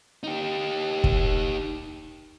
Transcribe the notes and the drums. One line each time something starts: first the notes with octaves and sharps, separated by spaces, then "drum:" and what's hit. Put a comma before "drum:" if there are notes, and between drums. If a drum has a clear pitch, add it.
D#4 G4
drum: kick